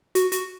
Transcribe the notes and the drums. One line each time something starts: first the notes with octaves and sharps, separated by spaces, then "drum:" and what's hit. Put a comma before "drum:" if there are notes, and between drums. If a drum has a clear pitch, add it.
F#4, drum: hi-hat
F#4, drum: hi-hat